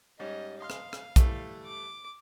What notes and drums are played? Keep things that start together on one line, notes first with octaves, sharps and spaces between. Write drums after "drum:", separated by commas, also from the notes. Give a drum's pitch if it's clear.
G#2 G3 C#4 D#5
D#5 F5 C6 F6
drum: rim click
drum: rim click
E3 G3 A3, drum: kick, hi-hat
D6